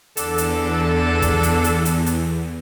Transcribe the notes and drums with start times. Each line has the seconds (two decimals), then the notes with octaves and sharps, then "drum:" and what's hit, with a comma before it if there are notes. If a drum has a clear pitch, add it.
0.17 E2 D3 D4 A4, drum: hi-hat
0.38 drum: hi-hat
1.22 drum: kick, hi-hat
1.43 drum: hi-hat
1.64 drum: hi-hat
1.85 drum: hi-hat
2.06 drum: hi-hat